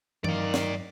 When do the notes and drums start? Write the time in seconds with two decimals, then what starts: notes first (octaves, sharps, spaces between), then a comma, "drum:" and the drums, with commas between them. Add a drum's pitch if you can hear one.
0.24 G2 D#3 F#3 D5 F5, drum: tom E3
0.54 drum: snare